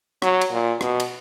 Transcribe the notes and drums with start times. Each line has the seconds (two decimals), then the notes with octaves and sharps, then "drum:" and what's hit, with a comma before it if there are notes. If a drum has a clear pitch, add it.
0.22 F#3, drum: rim click
0.41 drum: cymbal
0.51 A#2
0.81 B2, drum: rim click
1.00 drum: cymbal